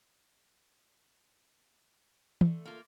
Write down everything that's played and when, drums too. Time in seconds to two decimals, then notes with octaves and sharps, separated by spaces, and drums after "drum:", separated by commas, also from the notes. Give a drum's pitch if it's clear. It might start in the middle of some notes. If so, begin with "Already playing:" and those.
2.41 D3 A3, drum: tom
2.65 A#3 F4